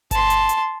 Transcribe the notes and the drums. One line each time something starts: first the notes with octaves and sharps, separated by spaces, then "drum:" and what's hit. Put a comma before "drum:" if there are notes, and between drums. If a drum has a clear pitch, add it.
A5 C6, drum: kick G1, hi-hat
drum: hi-hat
drum: hi-hat